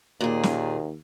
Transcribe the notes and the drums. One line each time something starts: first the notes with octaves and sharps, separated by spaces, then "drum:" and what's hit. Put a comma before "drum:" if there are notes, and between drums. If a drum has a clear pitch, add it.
D#2 A#2 G#4
drum: snare